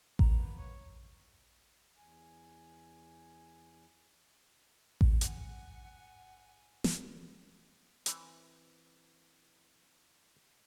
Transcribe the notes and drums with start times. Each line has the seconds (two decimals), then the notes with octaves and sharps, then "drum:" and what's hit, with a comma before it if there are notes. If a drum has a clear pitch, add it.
0.19 A#3 B3 B4 A#5, drum: kick A1
0.58 C#5
1.97 E2 G#5
5.01 drum: kick A1
5.21 G#2 F#5 G#5, drum: hi-hat
6.84 drum: snare
8.06 E3 C4, drum: hi-hat